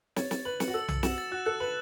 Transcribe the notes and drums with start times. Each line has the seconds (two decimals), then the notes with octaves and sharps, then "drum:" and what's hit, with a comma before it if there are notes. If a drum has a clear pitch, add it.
0.16 C#5 A6, drum: snare
0.31 A6, drum: snare
0.45 B4 F#7
0.60 C#7, drum: snare
0.68 F#4
0.74 A4 E6
0.88 E6, drum: tom B1
1.03 F#4 E7, drum: snare
1.18 A6
1.32 F#4 F#6
1.46 A4 F#6
1.60 B4 F#7